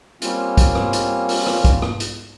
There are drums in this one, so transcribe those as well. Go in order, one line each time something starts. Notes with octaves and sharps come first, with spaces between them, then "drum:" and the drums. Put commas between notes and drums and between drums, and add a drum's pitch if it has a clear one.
G3 A#3 C4 C#4 F4, drum: hi-hat
drum: kick, hi-hat
drum: rim click
drum: hi-hat
drum: open hi-hat
drum: rim click
drum: kick, hi-hat
drum: rim click
drum: hi-hat